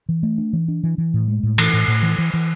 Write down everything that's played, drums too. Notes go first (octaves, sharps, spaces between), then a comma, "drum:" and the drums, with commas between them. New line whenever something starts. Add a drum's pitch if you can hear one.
E3
A3
D4
E3
D4
E3
E3
A2
G#3
A2
E3, drum: cymbal
A2
A2
E3
E3
E3